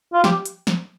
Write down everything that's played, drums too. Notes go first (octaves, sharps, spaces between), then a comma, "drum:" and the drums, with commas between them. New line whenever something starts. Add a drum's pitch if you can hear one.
F4
G4, drum: snare
drum: hi-hat
drum: snare